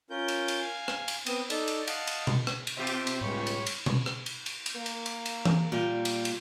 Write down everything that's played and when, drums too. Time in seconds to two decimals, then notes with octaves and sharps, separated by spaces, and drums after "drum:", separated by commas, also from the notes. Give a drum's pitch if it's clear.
0.10 C#4 F4 A#4 G6
0.28 drum: cymbal
0.48 drum: cymbal
0.61 F5 G#5
0.88 drum: rim click
1.08 drum: cymbal
1.26 B3 C4 D#6, drum: cymbal
1.50 D#4 A4 D5, drum: cymbal
1.68 drum: cymbal
1.87 D#5 F5 F#5 A5, drum: cymbal
2.07 drum: cymbal
2.27 drum: tom B2
2.47 drum: rim click
2.67 drum: cymbal
2.77 B2 C4 F4 G4 C5 E5
2.87 drum: cymbal
3.07 drum: cymbal
3.21 C#2 A2 G3 C#5 B5
3.47 drum: cymbal
3.66 drum: cymbal
3.86 drum: tom B2
4.06 drum: rim click
4.26 drum: cymbal
4.46 drum: cymbal
4.66 drum: cymbal
4.76 A#3
4.86 drum: cymbal
5.06 drum: cymbal
5.26 drum: cymbal
5.45 drum: tom E3
5.72 A#2 G3 A#5
6.05 drum: cymbal
6.25 drum: cymbal